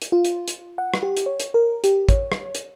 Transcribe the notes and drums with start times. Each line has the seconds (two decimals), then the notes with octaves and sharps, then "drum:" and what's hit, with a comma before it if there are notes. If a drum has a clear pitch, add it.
0.02 drum: hi-hat
0.12 F4
0.25 drum: hi-hat
0.48 drum: hi-hat
0.78 F#5
0.94 drum: rim click
1.03 G4
1.17 drum: hi-hat
1.26 C#5
1.40 drum: hi-hat
1.54 A#4
1.84 G4, drum: hi-hat
2.09 C#5, drum: kick, hi-hat
2.32 drum: rim click
2.55 drum: hi-hat